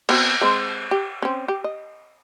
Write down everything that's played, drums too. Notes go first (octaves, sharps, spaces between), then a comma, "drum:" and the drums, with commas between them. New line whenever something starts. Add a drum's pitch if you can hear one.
B3 C4 F#4, drum: cymbal
G#3 C4 C5
G4
C4 C#4
G4
D#5